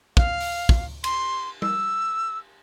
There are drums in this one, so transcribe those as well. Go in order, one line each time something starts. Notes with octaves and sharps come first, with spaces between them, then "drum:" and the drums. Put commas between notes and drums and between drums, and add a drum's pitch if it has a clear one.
F5, drum: kick
drum: open hi-hat
drum: kick
C6, drum: cymbal
E6, drum: tom G3